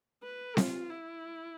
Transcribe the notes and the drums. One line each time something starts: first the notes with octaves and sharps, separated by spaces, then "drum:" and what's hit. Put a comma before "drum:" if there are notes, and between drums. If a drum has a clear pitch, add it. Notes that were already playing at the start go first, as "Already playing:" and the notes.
B4
F4, drum: snare C4
E4